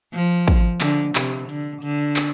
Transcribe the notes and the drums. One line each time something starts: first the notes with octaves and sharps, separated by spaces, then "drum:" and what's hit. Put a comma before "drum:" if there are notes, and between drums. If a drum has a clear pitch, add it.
F3, drum: hi-hat
drum: kick, hi-hat
D3, drum: clap
C3, drum: clap
D3, drum: hi-hat
D3, drum: hi-hat
drum: clap